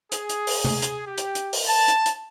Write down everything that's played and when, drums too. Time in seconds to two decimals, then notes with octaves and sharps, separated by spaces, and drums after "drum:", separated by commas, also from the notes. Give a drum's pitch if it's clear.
0.12 G#4, drum: hi-hat
0.29 drum: hi-hat
0.47 drum: open hi-hat
0.65 drum: tom C3
0.82 drum: hi-hat
1.06 G4
1.17 drum: hi-hat
1.35 drum: hi-hat
1.53 drum: open hi-hat
1.67 A5
1.88 drum: hi-hat
2.06 drum: hi-hat